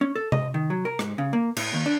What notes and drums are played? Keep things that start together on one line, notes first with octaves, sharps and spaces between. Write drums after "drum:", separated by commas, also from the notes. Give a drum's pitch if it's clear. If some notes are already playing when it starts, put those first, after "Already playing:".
C#4
A4
D#5, drum: tom C3
D#3
F#3
A#4
G#2, drum: rim click
C#3
A#3
A2, drum: cymbal
D#2
D4